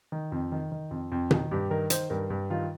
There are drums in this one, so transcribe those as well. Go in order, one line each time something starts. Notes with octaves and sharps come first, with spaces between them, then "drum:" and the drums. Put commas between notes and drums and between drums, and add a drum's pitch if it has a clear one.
D#3
F2
D#3
D#3
F2
F2
D#3, drum: tom B2
G2 G4
D#3 A#4
D#3 C5, drum: hi-hat
G2 A#4
G2
D#3 F4